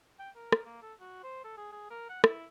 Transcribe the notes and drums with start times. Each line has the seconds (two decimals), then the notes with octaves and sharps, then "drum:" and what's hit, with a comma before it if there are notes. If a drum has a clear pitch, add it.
0.19 G5
0.36 A#4
0.52 drum: rim click
0.66 A#3
0.82 A4
1.00 F#4
1.24 C5
1.44 A4
1.58 G#4
1.72 G#4
1.90 A#4
2.09 F#5
2.24 E4, drum: rim click